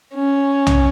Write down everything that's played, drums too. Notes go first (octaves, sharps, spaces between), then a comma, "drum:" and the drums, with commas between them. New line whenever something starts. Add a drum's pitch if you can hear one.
C#4
drum: tom B1